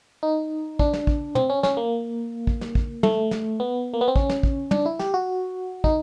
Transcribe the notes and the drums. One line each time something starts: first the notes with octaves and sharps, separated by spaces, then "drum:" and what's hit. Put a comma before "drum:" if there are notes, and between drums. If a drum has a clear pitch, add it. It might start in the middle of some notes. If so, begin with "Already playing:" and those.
D#4
D4, drum: kick
drum: snare
drum: kick
C4, drum: tom
C#4
C#4, drum: snare
A#3
drum: kick
drum: snare
drum: kick
A3, drum: tom
drum: snare
B3
A#3
B3
C4
C#4, drum: kick
drum: snare
drum: kick
D4, drum: tom
E4
G4, drum: snare
F#4
D#4, drum: kick